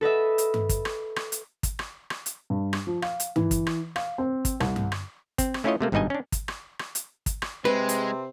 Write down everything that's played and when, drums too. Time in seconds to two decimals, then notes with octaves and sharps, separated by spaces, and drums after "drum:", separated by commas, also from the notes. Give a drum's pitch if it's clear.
0.01 A4 B4 D#5 E5
0.38 drum: hi-hat
0.54 drum: tom G2
0.69 drum: kick, hi-hat
0.85 drum: rim click
1.16 drum: rim click
1.32 drum: hi-hat
1.63 drum: kick, hi-hat
1.79 drum: rim click
2.10 drum: rim click
2.26 drum: hi-hat
2.50 G2
2.73 drum: rim click
2.87 F3
3.02 F5, drum: rim click
3.20 drum: hi-hat
3.36 E3, drum: tom G2
3.51 drum: kick, hi-hat
3.67 drum: rim click
3.96 F5, drum: rim click
4.18 C4
4.45 drum: kick, hi-hat
4.60 C2, drum: rim click
4.76 drum: tom G2
4.92 drum: rim click
5.38 C4, drum: kick, hi-hat
5.54 drum: rim click
5.64 A3 C#4 E4 F4 C#5 D#5
5.81 C3 A3 A#3
5.92 G#1 G2 B2 D#4 D#5 G#5
6.10 C#4 D4
6.32 drum: kick, hi-hat
6.48 drum: rim click
6.79 drum: rim click
6.95 drum: hi-hat
7.26 drum: kick, hi-hat
7.42 drum: rim click
7.65 C3 G#3 C4 B4
7.89 drum: hi-hat